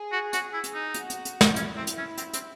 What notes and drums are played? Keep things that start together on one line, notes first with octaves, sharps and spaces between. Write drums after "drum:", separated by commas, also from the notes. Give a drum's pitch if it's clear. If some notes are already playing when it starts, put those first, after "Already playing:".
Already playing: G#4
F#4
F#4, drum: hi-hat
E4
drum: hi-hat
D#4
F#4, drum: hi-hat
drum: hi-hat
drum: hi-hat
drum: snare
C#4 E4, drum: hi-hat
C4
drum: hi-hat
C#4
C4, drum: hi-hat
C4, drum: hi-hat